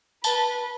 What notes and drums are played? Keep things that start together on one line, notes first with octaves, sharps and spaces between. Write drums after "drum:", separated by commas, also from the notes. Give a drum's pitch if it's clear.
B4 A5, drum: tambourine